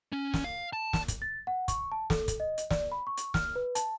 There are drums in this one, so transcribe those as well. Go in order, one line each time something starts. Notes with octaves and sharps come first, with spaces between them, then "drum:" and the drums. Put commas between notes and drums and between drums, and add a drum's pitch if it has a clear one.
C#4
drum: snare
F5
A5
drum: snare
drum: kick, hi-hat
A6
F#5
C#6, drum: kick, hi-hat
A5
A4, drum: snare
drum: kick, hi-hat
D#5
drum: hi-hat
D5, drum: snare
B5
C#6
drum: hi-hat
F6, drum: snare
B4
A5, drum: hi-hat